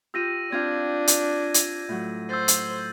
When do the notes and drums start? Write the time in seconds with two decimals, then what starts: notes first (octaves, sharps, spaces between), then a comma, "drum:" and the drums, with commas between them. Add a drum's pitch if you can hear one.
0.14 F4 G4 E6 A#6 D#7
0.52 C4 D4 F4 F5 G6 G#6
1.07 drum: hi-hat
1.54 drum: hi-hat
1.89 A2 F#3
2.30 C5 E6 G6 A6
2.48 drum: hi-hat